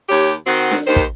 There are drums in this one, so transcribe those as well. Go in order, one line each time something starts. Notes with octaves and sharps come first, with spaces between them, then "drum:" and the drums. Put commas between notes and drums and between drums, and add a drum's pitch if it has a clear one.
D#2 G4 C#5
D#3 C4 F#4 F#5
drum: snare D4
D#2 D#3 C5
drum: kick